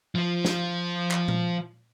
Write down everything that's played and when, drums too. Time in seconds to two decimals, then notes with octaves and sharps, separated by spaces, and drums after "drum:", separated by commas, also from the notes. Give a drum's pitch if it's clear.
0.15 F3 F4
0.45 drum: snare
1.11 drum: clap
1.28 drum: tom A#2